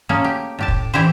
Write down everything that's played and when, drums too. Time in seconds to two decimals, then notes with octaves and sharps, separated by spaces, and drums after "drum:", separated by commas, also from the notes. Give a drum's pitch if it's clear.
0.09 A3 A#3 C#4 G#4
0.24 G4
0.59 A2 G4 A5
0.68 drum: kick
0.94 E3 E4 G4 C5